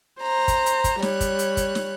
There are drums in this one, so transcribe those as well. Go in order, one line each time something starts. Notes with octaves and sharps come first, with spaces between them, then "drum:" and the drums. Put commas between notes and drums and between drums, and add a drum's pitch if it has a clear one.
C5 A#5
drum: kick, hi-hat
drum: hi-hat
drum: kick, hi-hat
G3 C#5 F#6, drum: snare
drum: kick, hi-hat
drum: hi-hat
drum: kick, hi-hat
drum: snare